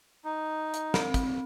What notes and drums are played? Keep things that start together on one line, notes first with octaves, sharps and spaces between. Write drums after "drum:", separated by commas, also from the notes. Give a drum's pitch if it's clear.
D#4
drum: hi-hat
C4, drum: snare
drum: kick, hi-hat